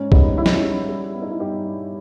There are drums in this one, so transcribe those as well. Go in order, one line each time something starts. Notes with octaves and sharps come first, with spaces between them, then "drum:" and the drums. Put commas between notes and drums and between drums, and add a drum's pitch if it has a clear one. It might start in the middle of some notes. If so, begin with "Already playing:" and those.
Already playing: G#2 C#4
G3 B3 D#4, drum: kick B1
G3 E4
D#4, drum: snare
C#4 E4
G3
G3
B3
D#4
E4
G2 D#4 G4
G2